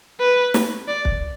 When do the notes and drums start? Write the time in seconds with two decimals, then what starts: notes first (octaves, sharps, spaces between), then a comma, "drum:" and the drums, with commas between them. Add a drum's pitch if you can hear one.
0.20 B4
0.54 drum: snare
0.88 D5
1.05 drum: kick